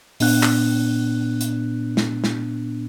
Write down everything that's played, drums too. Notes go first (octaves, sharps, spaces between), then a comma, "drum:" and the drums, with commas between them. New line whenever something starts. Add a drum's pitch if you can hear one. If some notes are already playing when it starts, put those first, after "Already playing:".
A#2 B3 D4 F#6, drum: open hi-hat
drum: clap
drum: hi-hat
drum: snare
drum: snare